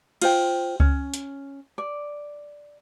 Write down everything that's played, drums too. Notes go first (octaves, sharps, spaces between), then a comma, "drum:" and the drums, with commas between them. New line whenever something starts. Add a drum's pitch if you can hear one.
F4 C5 G5, drum: cymbal
C#4, drum: kick C#2
drum: hi-hat
D5